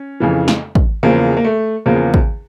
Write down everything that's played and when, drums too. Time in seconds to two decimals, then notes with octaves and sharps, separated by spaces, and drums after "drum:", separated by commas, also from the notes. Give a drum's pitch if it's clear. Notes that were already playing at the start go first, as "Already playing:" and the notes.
Already playing: C#4
0.20 F2 C#3 E3
0.48 drum: snare
0.75 drum: kick
1.03 E2 C#3 F3 A#3
1.37 A#3
1.44 A3
1.86 E2 C#3 F3 A#3
2.14 drum: kick